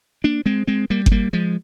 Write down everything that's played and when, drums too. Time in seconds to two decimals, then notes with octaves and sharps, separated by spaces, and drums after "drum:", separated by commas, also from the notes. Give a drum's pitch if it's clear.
0.24 A#3 D4
0.46 G#3 C4
0.67 G#3 C4
0.90 G3 A#3
1.06 C4, drum: kick G1
1.12 G3 A#3
1.33 F3 G#3